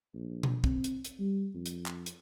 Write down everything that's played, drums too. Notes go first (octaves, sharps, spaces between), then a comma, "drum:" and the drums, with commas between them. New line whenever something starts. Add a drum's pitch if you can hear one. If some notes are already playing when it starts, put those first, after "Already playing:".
A#1
drum: tom B2
C4, drum: kick
drum: hi-hat
drum: hi-hat
G3
F2
drum: hi-hat
drum: clap
drum: hi-hat